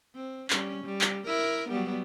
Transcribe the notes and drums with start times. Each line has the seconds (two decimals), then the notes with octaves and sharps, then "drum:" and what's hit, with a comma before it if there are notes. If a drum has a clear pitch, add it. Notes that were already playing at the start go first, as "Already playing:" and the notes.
0.15 C4
0.50 G3 C#4, drum: clap
0.84 G3
1.01 drum: clap
1.27 E4 A#4
1.70 F#3 G3 B3